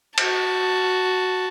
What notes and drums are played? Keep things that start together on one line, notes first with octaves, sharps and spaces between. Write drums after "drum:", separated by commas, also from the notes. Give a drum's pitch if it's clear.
F#4 A5, drum: cymbal